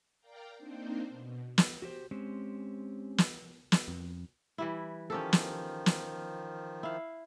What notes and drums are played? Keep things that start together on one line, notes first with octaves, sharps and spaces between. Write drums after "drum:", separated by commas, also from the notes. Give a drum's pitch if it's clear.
A#4 D5 F5 G5 A#5
A#3 C4 D4 D#4 C5
B2
drum: snare
F#4 G4 C5
G#3 C4 C#4 G4 C5
drum: snare
drum: snare
F2
E3 G3 E4
D#3 F3 C#4 G4 A4
drum: snare
drum: snare
E4 F5